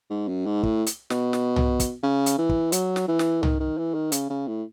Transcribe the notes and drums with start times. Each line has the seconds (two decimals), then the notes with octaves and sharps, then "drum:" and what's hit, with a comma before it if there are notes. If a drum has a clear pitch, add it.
0.10 G#2
0.28 F#2
0.46 G#2
0.63 A2, drum: kick
0.86 drum: hi-hat
1.10 B2, drum: snare
1.33 drum: snare
1.56 drum: tom C2
1.80 drum: kick, hi-hat
2.03 C#3
2.26 drum: hi-hat
2.38 E3
2.49 drum: kick
2.72 F#3, drum: hi-hat
2.96 drum: snare
3.08 E3
3.19 drum: snare
3.43 D#3, drum: tom C2
3.60 D#3
3.78 E3
3.94 D#3
4.12 C#3, drum: hi-hat
4.30 C#3
4.47 A2